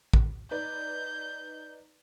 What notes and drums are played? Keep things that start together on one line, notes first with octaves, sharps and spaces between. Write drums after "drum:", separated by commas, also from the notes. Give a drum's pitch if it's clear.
drum: kick
D#4 B4 D5 G6